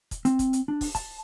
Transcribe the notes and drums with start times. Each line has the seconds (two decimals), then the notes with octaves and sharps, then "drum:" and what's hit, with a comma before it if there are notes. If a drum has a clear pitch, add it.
0.11 drum: kick, hi-hat
0.25 C4, drum: hi-hat
0.39 drum: kick, hi-hat
0.53 drum: hi-hat
0.68 D4
0.81 drum: kick, open hi-hat
0.95 A5, drum: kick, hi-hat